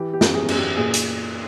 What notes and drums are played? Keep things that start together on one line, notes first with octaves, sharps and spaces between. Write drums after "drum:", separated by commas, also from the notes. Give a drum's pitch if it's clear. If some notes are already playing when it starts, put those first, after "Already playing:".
Already playing: E3 G4
G4
F#2, drum: snare
G#4
F#2, drum: cymbal
G4
A#2 G#4
drum: hi-hat